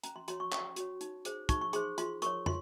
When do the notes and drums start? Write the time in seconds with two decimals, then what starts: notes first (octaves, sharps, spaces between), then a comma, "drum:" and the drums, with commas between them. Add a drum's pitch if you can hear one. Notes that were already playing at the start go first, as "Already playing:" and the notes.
0.04 C#4 A#5, drum: hi-hat
0.16 C6
0.28 F#4 C#5 C6, drum: hi-hat
0.40 C#6
0.52 C#4 C#6, drum: clap
0.76 F#4 C#5, drum: hi-hat
1.01 D#4, drum: hi-hat
1.25 G#4 C5, drum: hi-hat
1.49 D#4 C#6, drum: kick, hi-hat
1.61 C#6
1.73 G#4 C5 C6, drum: hi-hat
1.98 F4 C6, drum: hi-hat
2.22 A#4 C#5 C#6, drum: hi-hat
2.46 F4 C6, drum: tom